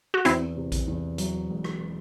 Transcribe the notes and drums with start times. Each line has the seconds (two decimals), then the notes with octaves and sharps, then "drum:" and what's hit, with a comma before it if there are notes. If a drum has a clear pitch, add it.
0.14 F#4
0.25 E2 C4 E4, drum: hi-hat
0.57 C3
0.72 drum: kick A#1, hi-hat
0.88 E2
1.18 F#3, drum: hi-hat
1.50 E1
1.64 drum: rim click